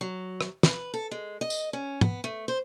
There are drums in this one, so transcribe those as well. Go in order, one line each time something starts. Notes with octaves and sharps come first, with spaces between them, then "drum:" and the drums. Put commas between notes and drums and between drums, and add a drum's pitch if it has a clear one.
F#3
drum: rim click
B4, drum: snare
A4
G#3
D#5
drum: tambourine
C#4
B3, drum: tom
A3
C5